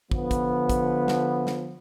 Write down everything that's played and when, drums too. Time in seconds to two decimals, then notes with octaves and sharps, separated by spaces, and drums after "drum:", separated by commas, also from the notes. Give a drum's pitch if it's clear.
0.11 D3 F3 B3, drum: kick
0.31 drum: kick, hi-hat
0.69 drum: kick, hi-hat
1.08 drum: snare
1.47 drum: snare